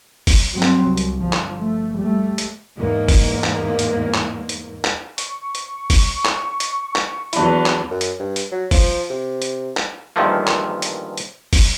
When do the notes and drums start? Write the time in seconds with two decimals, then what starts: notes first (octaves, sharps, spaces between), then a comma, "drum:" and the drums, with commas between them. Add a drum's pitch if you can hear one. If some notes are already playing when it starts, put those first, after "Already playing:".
0.27 drum: kick F#1, open hi-hat
0.52 G2 F#3 C4
0.62 drum: clap
0.84 C2
0.97 drum: hi-hat
1.22 G1 F3
1.33 drum: clap
1.61 A3
1.99 G3 A3
2.38 drum: hi-hat
2.77 E2 G#2 A#3
3.08 drum: kick F#1, open hi-hat
3.44 drum: clap
3.79 drum: hi-hat
4.14 drum: clap
4.49 drum: hi-hat
4.84 drum: clap
5.18 C#6, drum: hi-hat
5.55 drum: hi-hat
5.90 drum: kick F#1, open hi-hat
6.25 drum: clap
6.60 drum: hi-hat
6.95 drum: clap
7.33 E2 F#3 D4 E4, drum: hi-hat
7.66 drum: clap
7.91 F#2
8.01 drum: hi-hat
8.20 G2
8.36 drum: hi-hat
8.51 F#3
8.71 F3, drum: kick F#1, open hi-hat
9.10 C3
9.42 drum: hi-hat
9.77 drum: clap
10.16 E2 G2 D#3 F3 A3 A#3
10.47 drum: clap
10.82 drum: hi-hat
11.17 drum: hi-hat
11.53 drum: kick F#1, open hi-hat